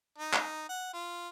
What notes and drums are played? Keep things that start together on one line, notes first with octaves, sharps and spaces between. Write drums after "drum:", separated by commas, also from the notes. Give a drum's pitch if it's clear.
D#4
drum: clap
F#5
F4